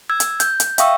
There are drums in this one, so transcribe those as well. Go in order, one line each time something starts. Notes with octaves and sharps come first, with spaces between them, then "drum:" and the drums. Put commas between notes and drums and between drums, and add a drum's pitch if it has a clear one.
E6 G#6
drum: hi-hat
G6, drum: hi-hat
drum: hi-hat
E5 F5 G5 C#6 D#6 E6, drum: hi-hat